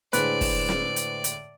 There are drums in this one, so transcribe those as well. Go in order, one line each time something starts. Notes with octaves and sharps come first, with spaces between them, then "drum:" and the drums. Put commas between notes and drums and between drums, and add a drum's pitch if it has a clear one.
A2 D3 G#3 B4 C5 D5, drum: hi-hat
drum: kick, open hi-hat
drum: snare
drum: hi-hat
drum: hi-hat